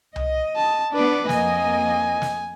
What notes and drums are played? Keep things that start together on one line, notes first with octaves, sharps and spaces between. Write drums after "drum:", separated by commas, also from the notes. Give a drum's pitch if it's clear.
D#5, drum: tom C2
A5
B3 D4 B4 D6
F2 A#3 D#5 G#5, drum: snare
drum: snare